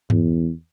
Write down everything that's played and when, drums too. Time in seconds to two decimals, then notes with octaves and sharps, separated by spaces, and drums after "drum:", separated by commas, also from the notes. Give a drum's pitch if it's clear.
0.10 E2, drum: tom G2